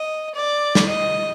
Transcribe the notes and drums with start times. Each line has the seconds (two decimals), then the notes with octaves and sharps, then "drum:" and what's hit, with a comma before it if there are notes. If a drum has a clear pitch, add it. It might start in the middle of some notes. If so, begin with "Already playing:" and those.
Already playing: D#5
0.35 D5
0.75 drum: snare
0.88 D#5